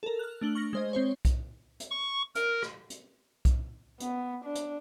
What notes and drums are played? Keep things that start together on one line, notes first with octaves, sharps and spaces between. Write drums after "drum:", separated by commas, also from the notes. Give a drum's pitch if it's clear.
A4 A#4
F6 F#6
A3 D4 F#7 G7
C#6 F6 A#6
G#3 C5 D#5
C4 C5 C#5
drum: kick B1, hi-hat
drum: hi-hat
C#6
A#4, drum: hi-hat
drum: rim click
drum: hi-hat
drum: kick B1, hi-hat
B3, drum: hi-hat
D4
drum: hi-hat